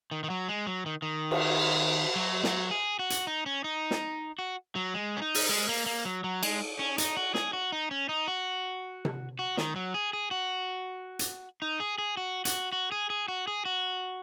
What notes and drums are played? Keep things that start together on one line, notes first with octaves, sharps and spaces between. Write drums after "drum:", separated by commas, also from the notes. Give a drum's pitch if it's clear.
D#3
D#3
F#3
G#3
F#3
D#3
D#3
drum: cymbal
F#3
F#3, drum: snare
G#4
F#4
drum: hi-hat
D#4
C#4
D#4
drum: snare
F#4
F#3
G#3
C#4
D#4
drum: open hi-hat
G#3
A#3
A#3
F#3
F#3
G#3, drum: cymbal
C#4
D#4, drum: hi-hat
F#4
G#4, drum: snare
F#4
D#4
C#4
D#4
F#4
drum: tom C3
F#4
D#3, drum: snare
F#3
G#4
G#4
F#4
drum: hi-hat
D#4
G#4
G#4
F#4
F#4, drum: hi-hat
F#4
G#4
G#4
F#4
G#4
F#4